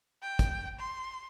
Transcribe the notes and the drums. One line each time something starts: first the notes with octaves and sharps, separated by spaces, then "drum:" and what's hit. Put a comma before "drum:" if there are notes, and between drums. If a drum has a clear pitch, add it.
G5
drum: kick, hi-hat
C6